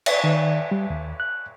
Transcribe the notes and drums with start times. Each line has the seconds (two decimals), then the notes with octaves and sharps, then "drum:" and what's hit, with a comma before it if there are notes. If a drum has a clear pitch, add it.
0.06 drum: cymbal
0.24 D#3
0.71 G3
0.90 D#2
1.20 F#6